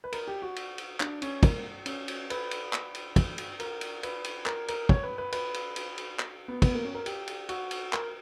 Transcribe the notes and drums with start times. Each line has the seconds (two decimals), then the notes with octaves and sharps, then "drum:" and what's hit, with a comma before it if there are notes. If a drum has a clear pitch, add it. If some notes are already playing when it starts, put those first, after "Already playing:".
0.04 B4
0.13 A#4, drum: cymbal
0.28 G4
0.42 F#4
0.56 drum: cymbal
0.78 drum: cymbal
1.00 D4, drum: clap
1.22 C#4, drum: cymbal
1.43 A#3, drum: kick, cymbal
1.86 C#4, drum: cymbal
2.08 drum: cymbal
2.30 B4, drum: cymbal
2.51 drum: cymbal
2.73 drum: clap
2.95 drum: cymbal
3.16 drum: kick, cymbal
3.38 drum: cymbal
3.60 A#4, drum: cymbal
3.81 drum: cymbal
4.03 B4, drum: cymbal
4.24 drum: cymbal
4.46 A#4, drum: clap
4.68 A#4, drum: cymbal
4.89 C#5, drum: kick
5.03 B4
5.18 B4
5.32 B4, drum: cymbal
5.54 drum: cymbal
5.76 drum: cymbal
5.98 drum: cymbal
6.19 drum: clap
6.48 B3
6.62 B3, drum: kick, cymbal
6.74 A#3
6.84 C#4
6.95 A#4
7.06 G4, drum: cymbal
7.28 drum: cymbal
7.49 F#4, drum: cymbal
7.71 drum: cymbal
7.93 A#4, drum: clap